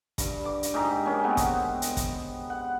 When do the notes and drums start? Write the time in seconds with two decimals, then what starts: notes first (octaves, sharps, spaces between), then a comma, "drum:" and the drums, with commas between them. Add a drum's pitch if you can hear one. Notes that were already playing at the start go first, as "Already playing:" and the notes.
0.18 G2, drum: kick, hi-hat
0.45 D6
0.63 drum: hi-hat
0.74 G#2 G#3 G4 A#5
1.05 A#3 C#4
1.24 G#3 B3 C4 F#5
1.37 drum: kick, hi-hat
1.82 drum: hi-hat
1.97 drum: kick, hi-hat
2.50 F#5